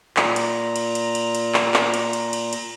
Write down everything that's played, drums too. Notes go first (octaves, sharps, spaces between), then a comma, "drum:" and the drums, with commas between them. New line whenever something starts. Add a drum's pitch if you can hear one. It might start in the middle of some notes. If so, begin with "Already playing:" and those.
A#2 A#5, drum: clap
drum: cymbal
drum: cymbal
drum: cymbal
drum: cymbal
drum: cymbal
drum: clap
drum: clap
drum: cymbal
drum: cymbal
drum: cymbal
drum: cymbal